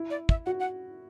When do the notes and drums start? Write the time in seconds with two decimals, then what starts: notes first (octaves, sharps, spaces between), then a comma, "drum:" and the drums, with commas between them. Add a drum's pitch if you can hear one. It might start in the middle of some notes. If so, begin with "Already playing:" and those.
Already playing: E4
0.10 D5
0.29 E5, drum: kick
0.46 F#4 F#5
0.60 F#5